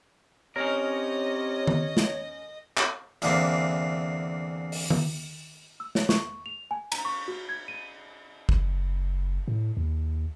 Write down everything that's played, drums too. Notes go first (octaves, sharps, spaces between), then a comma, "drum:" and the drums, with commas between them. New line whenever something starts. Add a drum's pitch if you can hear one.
C3 C#4 D#4 A#4 C#5 D#5
drum: tom D#3
drum: snare
drum: clap
E2 D3 E3 A#3 C4, drum: hi-hat
drum: open hi-hat
drum: tom D#3
E6
C#5, drum: snare
C#6, drum: snare
F7
G#5
A#5, drum: cymbal
C#6
F#4
G#6
D#7
F#1, drum: kick
A2
D#2